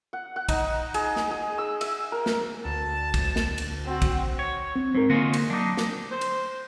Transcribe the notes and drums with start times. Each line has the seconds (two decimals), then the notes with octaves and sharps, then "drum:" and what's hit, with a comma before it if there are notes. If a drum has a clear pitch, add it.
0.13 F#5
0.36 F#5
0.49 D#4, drum: kick, cymbal
0.94 G#4, drum: cymbal
1.16 drum: snare
1.31 G#4
1.58 E6
1.81 E5, drum: cymbal
2.12 A#4
2.26 drum: snare
2.65 D2 A5
3.14 drum: kick, cymbal
3.36 drum: snare
3.58 drum: cymbal
3.86 C4 F#4
4.02 drum: kick, cymbal
4.39 C#5
4.76 C4
4.95 G#2 C4 A#4
5.10 D3 G#3 A#3 F4 F#4
5.34 drum: cymbal
5.50 F#3 D4 D#4 D6
5.77 drum: snare
6.12 C5
6.21 drum: cymbal